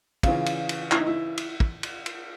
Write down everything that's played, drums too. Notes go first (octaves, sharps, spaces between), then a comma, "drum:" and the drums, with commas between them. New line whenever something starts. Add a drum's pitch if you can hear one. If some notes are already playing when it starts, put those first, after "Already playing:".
C#3 E3 F4, drum: kick, cymbal
drum: cymbal
drum: cymbal
E4, drum: clap
D#4
E4
drum: cymbal
drum: kick
drum: cymbal
drum: cymbal